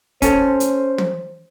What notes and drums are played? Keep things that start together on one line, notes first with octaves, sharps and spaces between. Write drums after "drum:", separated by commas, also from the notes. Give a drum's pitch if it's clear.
C#4 A4 C5, drum: kick, hi-hat
drum: hi-hat
drum: tom